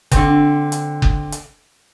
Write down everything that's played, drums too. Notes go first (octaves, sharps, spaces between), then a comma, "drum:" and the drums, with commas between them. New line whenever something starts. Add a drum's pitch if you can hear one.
D3 C4, drum: kick F#1, hi-hat
drum: hi-hat
drum: kick F#1
drum: hi-hat